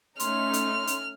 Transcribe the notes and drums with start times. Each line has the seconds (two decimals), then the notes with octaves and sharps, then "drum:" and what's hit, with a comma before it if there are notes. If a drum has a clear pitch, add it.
0.20 A3 C#4 D#4 C6 F6, drum: hi-hat
0.53 drum: hi-hat
0.87 drum: hi-hat